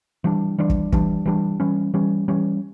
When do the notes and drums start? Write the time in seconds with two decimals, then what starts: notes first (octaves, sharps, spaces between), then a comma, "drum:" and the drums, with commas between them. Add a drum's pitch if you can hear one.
0.24 E3 G3 D4
0.58 E3 G3 D4
0.70 drum: kick
0.92 E3 G3 D4, drum: kick
1.26 E3 G3 D4
1.60 E3 G3 C#4
1.94 E3 G3 C#4
2.28 E3 G3 C#4